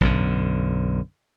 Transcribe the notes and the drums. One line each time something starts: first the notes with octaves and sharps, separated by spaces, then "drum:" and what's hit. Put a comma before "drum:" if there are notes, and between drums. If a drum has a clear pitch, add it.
B1 F#2 D3, drum: kick